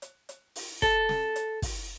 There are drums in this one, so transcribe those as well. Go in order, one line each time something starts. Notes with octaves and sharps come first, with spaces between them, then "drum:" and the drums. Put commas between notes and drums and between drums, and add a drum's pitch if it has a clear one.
drum: hi-hat
drum: hi-hat
drum: open hi-hat
A4, drum: kick, hi-hat
drum: snare
drum: hi-hat
drum: kick, open hi-hat